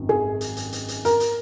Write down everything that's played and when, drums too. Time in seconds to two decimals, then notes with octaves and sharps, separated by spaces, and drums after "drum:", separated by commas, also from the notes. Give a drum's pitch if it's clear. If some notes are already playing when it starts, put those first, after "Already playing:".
Already playing: G#1 F#2 D#3
0.09 G#4, drum: tom G#2
0.41 drum: hi-hat
0.57 drum: hi-hat
0.73 drum: hi-hat
0.88 drum: hi-hat
1.05 A#4, drum: hi-hat
1.20 drum: hi-hat